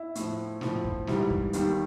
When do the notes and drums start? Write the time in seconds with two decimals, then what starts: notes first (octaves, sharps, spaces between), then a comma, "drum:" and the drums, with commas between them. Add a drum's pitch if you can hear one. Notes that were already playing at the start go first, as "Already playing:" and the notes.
Already playing: E4
0.15 A2 F3, drum: hi-hat
0.61 A2 F3, drum: snare
0.84 drum: kick
1.07 G#2 E3 G3, drum: snare
1.30 drum: kick
1.53 D#2 D#3 G3, drum: hi-hat